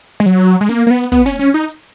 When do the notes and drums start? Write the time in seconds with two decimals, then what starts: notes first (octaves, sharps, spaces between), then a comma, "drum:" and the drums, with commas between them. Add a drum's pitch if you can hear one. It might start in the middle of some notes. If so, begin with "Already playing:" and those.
0.20 G#3
0.26 F#3, drum: hi-hat
0.41 drum: hi-hat
0.61 G#3
0.69 A#3, drum: snare
0.87 A#3
0.90 B3
1.12 B3, drum: kick, hi-hat
1.26 C#4, drum: snare
1.39 C#4, drum: hi-hat
1.54 D#4, drum: hi-hat
1.68 drum: hi-hat